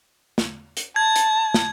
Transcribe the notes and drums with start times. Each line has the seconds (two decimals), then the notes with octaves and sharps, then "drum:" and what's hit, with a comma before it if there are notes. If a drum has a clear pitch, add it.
0.38 drum: snare
0.77 drum: hi-hat
0.96 A5 G#6
1.16 drum: hi-hat
1.54 drum: snare